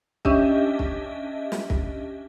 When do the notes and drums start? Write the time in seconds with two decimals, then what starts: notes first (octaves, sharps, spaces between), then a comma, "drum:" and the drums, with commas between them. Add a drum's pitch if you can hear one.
0.25 C#4 D4 G4 D#5 E5, drum: kick
0.79 drum: kick
1.52 drum: snare
1.70 drum: kick